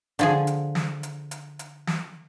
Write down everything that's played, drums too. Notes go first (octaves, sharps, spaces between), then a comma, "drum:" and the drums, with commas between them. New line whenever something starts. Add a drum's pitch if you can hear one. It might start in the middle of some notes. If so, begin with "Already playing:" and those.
D3 F3 G#4, drum: hi-hat
drum: hi-hat
drum: snare
drum: hi-hat
drum: hi-hat
drum: hi-hat
drum: snare